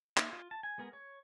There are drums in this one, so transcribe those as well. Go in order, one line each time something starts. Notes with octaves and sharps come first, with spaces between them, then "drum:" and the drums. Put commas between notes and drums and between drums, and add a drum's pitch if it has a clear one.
A#3 D#4 E5 F5, drum: clap
F4
A5
G#5
G#3 B3 G#4 A#4
C#5